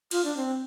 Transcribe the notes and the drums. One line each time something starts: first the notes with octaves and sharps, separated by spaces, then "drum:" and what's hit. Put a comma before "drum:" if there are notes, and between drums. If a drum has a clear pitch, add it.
F4, drum: cymbal
D4
C4